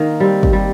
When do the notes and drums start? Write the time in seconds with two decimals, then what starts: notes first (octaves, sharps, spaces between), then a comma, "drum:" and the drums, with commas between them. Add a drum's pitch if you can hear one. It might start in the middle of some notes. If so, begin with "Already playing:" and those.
Already playing: D#3 A#3
0.20 G3 C4
0.43 drum: kick
0.53 G3